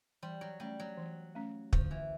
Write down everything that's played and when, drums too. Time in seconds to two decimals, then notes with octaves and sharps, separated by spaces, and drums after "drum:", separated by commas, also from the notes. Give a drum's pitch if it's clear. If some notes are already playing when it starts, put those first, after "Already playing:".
0.22 E3 G3
0.41 F#3
0.60 G3 A3 C#4
0.80 F#3
0.97 E3
1.35 A3 C#4
1.73 D3 F3, drum: kick
1.91 E3